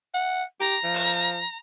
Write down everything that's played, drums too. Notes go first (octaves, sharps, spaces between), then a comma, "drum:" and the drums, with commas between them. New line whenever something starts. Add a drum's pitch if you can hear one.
F#5
G4 A#5
F3
drum: open hi-hat